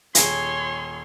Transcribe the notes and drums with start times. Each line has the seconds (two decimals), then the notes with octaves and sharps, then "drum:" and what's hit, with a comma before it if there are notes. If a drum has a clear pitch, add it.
0.15 D#1 G#4 C#5 C6, drum: hi-hat